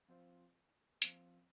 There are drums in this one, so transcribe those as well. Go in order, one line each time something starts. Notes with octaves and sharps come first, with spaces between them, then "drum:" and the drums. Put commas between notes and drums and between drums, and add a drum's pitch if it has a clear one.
F3 C4 F4 C5
F3 C4 F4 C5, drum: hi-hat